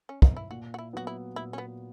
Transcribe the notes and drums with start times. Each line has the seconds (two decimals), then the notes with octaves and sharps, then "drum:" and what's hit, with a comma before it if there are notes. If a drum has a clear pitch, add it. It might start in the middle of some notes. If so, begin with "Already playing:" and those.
0.09 C#4
0.22 D#4, drum: kick
0.37 E4
0.50 A#2 F#4
0.74 F#4
0.79 E4
0.93 F#3 B3 F#4
1.07 E4
1.36 A#2 E4
1.53 C#4
1.58 B3